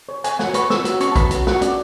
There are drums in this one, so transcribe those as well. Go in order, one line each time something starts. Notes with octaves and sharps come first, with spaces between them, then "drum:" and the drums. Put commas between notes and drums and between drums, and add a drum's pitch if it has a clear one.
C#5
C#5 G#5, drum: hi-hat
F#4 F#5, drum: snare
B4 C#6, drum: hi-hat
C#5 E6, drum: snare
F#4, drum: hi-hat
C#4 C#6, drum: hi-hat
A5
B4 B5, drum: kick, hi-hat
F#4, drum: hi-hat
F#4 F#5, drum: snare
C#4 D5, drum: hi-hat